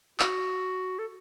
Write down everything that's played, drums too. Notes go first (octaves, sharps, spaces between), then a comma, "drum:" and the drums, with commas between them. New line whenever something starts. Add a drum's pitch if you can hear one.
F#4, drum: clap
A4